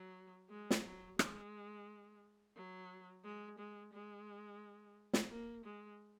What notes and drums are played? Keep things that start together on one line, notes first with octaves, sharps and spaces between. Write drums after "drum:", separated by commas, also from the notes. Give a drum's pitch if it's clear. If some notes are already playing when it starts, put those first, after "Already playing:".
Already playing: F#3
G#3
drum: snare
F#3
G#3, drum: rim click
F#3
G#3
G#3
G#3
drum: snare
A#3
G#3